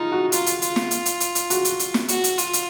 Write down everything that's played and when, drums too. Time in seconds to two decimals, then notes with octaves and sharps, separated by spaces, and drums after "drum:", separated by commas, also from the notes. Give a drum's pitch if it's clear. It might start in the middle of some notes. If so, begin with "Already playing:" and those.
Already playing: D#4 F4
0.12 F#4
0.32 F4, drum: hi-hat
0.46 drum: hi-hat
0.62 F4, drum: hi-hat
0.76 drum: snare
0.91 drum: hi-hat
1.06 drum: hi-hat
1.20 drum: hi-hat
1.35 drum: hi-hat
1.50 F#4, drum: hi-hat
1.65 drum: hi-hat
1.79 drum: hi-hat
1.94 drum: snare
2.08 F#4, drum: hi-hat
2.24 drum: hi-hat
2.38 F4, drum: hi-hat
2.53 drum: hi-hat